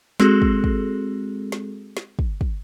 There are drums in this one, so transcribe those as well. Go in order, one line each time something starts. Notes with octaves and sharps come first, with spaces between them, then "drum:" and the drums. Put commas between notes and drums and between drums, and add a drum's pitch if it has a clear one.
G#3 C4 F#4 G#4 A4, drum: snare
drum: kick
drum: kick
drum: snare
drum: snare
drum: kick
drum: kick